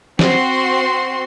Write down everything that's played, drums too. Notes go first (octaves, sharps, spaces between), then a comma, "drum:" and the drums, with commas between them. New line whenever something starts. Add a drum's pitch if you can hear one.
C4 F#4 C6, drum: snare